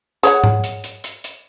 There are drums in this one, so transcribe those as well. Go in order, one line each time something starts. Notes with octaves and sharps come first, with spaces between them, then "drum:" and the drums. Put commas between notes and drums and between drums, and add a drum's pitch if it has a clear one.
G#4 C#5 F#5, drum: hi-hat
drum: tom G#2
drum: hi-hat
drum: hi-hat
drum: hi-hat
drum: hi-hat